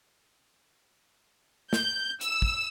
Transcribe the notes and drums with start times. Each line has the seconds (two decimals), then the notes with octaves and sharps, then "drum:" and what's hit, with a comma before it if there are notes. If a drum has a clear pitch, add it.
1.73 G6, drum: snare
2.21 E6, drum: hi-hat
2.42 drum: kick